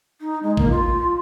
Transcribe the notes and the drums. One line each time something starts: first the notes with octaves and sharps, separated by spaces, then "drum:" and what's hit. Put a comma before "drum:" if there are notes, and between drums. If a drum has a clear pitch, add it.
D#4
G#3
A#3, drum: kick A1
F4